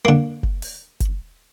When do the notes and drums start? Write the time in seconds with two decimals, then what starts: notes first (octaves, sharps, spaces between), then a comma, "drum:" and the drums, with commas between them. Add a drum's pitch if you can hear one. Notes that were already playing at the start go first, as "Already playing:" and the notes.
0.05 D3 A#3
0.43 drum: kick F#1
0.62 drum: open hi-hat
1.00 drum: kick F#1, hi-hat